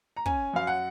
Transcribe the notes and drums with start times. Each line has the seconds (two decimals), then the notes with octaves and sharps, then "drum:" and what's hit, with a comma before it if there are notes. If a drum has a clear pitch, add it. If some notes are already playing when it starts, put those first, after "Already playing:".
0.17 A#5
0.26 C#4 G#5, drum: kick
0.53 F#2 F5
0.67 F#5